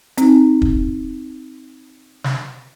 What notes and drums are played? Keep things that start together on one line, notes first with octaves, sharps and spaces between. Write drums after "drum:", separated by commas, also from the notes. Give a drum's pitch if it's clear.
C4 D#4, drum: hi-hat
drum: kick
drum: snare